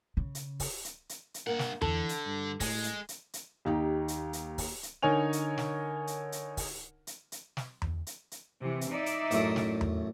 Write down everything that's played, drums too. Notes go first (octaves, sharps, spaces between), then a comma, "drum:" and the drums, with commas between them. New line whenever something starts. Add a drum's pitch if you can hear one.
C#3
drum: hi-hat
drum: kick, open hi-hat
drum: hi-hat
drum: hi-hat
drum: hi-hat
G2 A#3 A#4 F#5
drum: snare
D3 E3 A4, drum: tom E2
drum: hi-hat
G2
A2 G#3, drum: kick, open hi-hat
drum: hi-hat
drum: hi-hat
drum: hi-hat
D#2 D#4 G4
drum: hi-hat
drum: hi-hat
drum: kick, open hi-hat
drum: hi-hat
D3 D#4 A#4 C#5 G#5 F7
drum: hi-hat
drum: snare
drum: hi-hat
drum: hi-hat
drum: kick, open hi-hat
drum: hi-hat
drum: hi-hat
drum: snare
drum: tom E2
drum: hi-hat
drum: hi-hat
C3 E3
drum: hi-hat
D#4 D5 E5
drum: hi-hat
A1 F#2 A3, drum: hi-hat
drum: snare
drum: tom E2